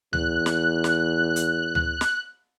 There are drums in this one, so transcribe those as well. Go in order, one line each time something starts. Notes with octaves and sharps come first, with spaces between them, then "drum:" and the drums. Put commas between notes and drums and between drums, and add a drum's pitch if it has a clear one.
E2 F#6, drum: tom D2
drum: snare
drum: snare
drum: hi-hat
drum: tom D2
drum: snare